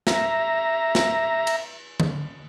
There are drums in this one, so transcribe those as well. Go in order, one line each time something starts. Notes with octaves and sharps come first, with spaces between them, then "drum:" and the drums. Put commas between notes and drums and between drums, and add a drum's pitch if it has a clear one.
E5 A#5, drum: snare
drum: snare
drum: cymbal
drum: tom D3